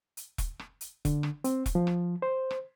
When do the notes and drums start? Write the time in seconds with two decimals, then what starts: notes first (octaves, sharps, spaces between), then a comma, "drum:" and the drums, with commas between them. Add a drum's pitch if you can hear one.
0.17 drum: hi-hat
0.38 drum: kick E1, hi-hat
0.59 drum: rim click
0.81 drum: hi-hat
1.05 D3, drum: kick E1, hi-hat
1.23 drum: rim click
1.44 C4, drum: hi-hat
1.66 drum: kick E1, hi-hat
1.75 F3
1.87 drum: rim click
2.22 C5
2.51 drum: rim click